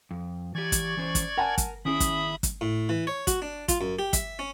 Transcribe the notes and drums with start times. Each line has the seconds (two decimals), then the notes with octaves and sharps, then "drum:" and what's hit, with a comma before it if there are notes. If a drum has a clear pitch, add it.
0.11 F2
0.55 E3 G4 D5 C#6 G#6
0.72 drum: kick, hi-hat
0.97 E3 C#4 C5
1.15 drum: kick, hi-hat
1.37 A#4 F#5 G#5 A5
1.58 drum: kick, hi-hat
1.85 D#3 C#4 E4 G#4 E5 B5 D#6
2.00 drum: kick, hi-hat
2.43 drum: kick, hi-hat
2.61 A2
2.89 E3
3.07 C#5
3.27 F#4, drum: kick, hi-hat
3.42 D4
3.68 F4, drum: kick, hi-hat
3.81 F#2
3.99 G4
4.13 E5, drum: kick, hi-hat
4.39 C#4